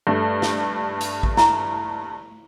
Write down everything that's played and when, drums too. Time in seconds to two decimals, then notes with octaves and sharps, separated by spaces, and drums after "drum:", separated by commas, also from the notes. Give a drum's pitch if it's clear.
0.07 G2 A3
0.42 drum: snare
1.01 drum: hi-hat
1.23 drum: kick A1
1.37 E4 A#5, drum: snare